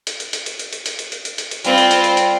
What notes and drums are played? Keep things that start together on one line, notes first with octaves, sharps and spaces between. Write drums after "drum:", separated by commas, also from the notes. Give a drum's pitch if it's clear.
drum: hi-hat
drum: hi-hat
drum: hi-hat
drum: hi-hat
drum: hi-hat
drum: hi-hat
drum: hi-hat
drum: hi-hat
drum: hi-hat
drum: hi-hat
drum: hi-hat
drum: hi-hat
G3 C4 F4 B5, drum: hi-hat
drum: hi-hat
drum: hi-hat
drum: hi-hat
drum: hi-hat